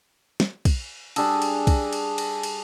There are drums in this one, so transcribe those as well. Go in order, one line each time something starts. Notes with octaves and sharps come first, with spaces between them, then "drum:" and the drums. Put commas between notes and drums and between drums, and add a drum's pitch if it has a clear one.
drum: snare
drum: kick, cymbal
G3 D4 G#4 A4, drum: cymbal
drum: cymbal
drum: kick, cymbal
drum: cymbal
drum: cymbal
drum: cymbal